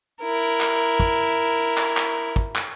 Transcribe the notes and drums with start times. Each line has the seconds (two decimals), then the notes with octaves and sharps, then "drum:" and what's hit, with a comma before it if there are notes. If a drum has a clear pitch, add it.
0.22 E4 A#4
0.61 drum: clap
1.00 drum: kick
1.78 drum: clap
1.97 drum: clap
2.36 drum: kick
2.56 drum: clap